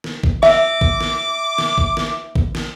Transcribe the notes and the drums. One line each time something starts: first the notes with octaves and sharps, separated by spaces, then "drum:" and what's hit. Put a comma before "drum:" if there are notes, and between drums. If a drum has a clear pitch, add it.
drum: snare
drum: kick A1
E5 D6, drum: snare
drum: kick A1
drum: snare
drum: snare
drum: kick A1
drum: snare
drum: kick A1
drum: snare